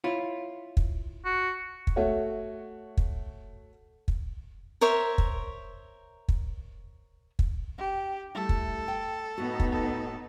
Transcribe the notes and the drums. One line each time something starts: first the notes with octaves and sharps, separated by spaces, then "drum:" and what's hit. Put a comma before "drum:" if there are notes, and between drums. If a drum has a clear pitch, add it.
E4 F4 C#5
drum: kick
F#4
drum: kick
A3 F#4 C#5
drum: kick
drum: kick
A#4 C5 C#5 E5
drum: kick
drum: kick
drum: kick
D4 G4
G3 A3 E4 A4
drum: kick
G5
A2 B3 D#4 F#4
drum: kick
A4